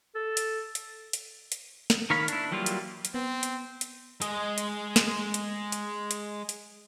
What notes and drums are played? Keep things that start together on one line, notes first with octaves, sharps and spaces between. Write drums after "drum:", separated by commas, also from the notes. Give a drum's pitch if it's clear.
A4
drum: hi-hat
drum: hi-hat
drum: hi-hat
drum: hi-hat
drum: snare
D#3 A#4 C#5 F5 B5
D4 E4, drum: hi-hat
E3 F#3 G3 A#3 F4
drum: hi-hat
drum: hi-hat
B3 C4
drum: hi-hat
drum: hi-hat
G#3 D#5, drum: hi-hat
drum: hi-hat
drum: snare
drum: hi-hat
drum: hi-hat
drum: hi-hat
drum: hi-hat